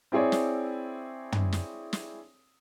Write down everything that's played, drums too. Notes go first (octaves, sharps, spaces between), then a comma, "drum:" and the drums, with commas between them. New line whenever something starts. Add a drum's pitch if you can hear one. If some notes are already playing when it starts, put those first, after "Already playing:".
C4 E4 G#4 C#5 D5
drum: snare
drum: tom
drum: snare
drum: snare